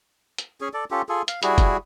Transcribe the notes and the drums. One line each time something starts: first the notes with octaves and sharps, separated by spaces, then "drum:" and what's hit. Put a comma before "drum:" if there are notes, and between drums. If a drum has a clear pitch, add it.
drum: hi-hat
C#4 G#4
A4 D5
C#4 F4 G4 A4
F4 G#4 A4
F5, drum: hi-hat
G3 E4 F#4 G#4, drum: hi-hat
drum: kick, hi-hat